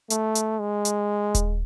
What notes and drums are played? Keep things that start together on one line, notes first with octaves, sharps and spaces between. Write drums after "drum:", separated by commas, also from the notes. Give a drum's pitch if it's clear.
A3, drum: hi-hat
drum: hi-hat
G#3
drum: hi-hat
drum: kick D#1, hi-hat